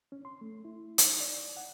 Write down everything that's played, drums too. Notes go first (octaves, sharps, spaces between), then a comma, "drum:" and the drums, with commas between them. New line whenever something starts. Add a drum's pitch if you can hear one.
C#4
C6
A3
E4
D#4, drum: hi-hat
D5
F#5